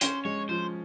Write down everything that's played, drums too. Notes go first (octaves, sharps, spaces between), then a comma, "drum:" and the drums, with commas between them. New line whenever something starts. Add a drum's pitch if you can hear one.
C#4 C5, drum: hi-hat
G#3 C#5
F3 C5